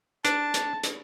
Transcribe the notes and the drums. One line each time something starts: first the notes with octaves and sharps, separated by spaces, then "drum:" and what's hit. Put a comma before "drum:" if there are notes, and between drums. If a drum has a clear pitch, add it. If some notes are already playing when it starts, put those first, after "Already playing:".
D4 A5, drum: hi-hat
drum: hi-hat
drum: hi-hat